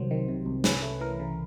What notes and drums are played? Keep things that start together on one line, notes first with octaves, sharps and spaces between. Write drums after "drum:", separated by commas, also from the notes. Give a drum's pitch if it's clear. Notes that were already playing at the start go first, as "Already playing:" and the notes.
Already playing: C2 C3 D#3 F#3 C5
D#3
C3
C2
C#4 B4, drum: snare
A3
E3 A#4
C#3